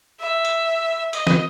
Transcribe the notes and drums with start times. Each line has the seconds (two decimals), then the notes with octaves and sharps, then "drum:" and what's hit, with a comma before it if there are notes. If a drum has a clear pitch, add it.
0.20 E5
0.45 drum: hi-hat
1.13 D#5, drum: hi-hat
1.27 drum: snare